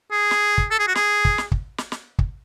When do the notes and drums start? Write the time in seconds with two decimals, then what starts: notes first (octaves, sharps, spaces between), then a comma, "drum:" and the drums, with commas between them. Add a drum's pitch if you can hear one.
0.11 G#4
0.31 drum: snare
0.58 drum: kick
0.71 A4
0.79 G#4
0.88 F#4
0.95 G#4, drum: snare
1.25 drum: kick
1.38 drum: snare
1.52 drum: kick
1.78 drum: snare
1.92 drum: snare
2.19 drum: kick